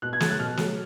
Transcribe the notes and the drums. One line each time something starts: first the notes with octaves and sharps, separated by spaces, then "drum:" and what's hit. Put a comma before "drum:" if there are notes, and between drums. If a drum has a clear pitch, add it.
B2 F#6
G#6
F#3 A3 A6, drum: snare
F#6
B2 F6
F#3 A3, drum: snare